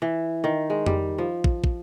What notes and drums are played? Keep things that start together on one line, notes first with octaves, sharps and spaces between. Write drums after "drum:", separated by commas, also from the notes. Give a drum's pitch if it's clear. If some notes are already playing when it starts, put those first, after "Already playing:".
E3
D#3
G#3
G3, drum: tom F2
F3
drum: kick
drum: kick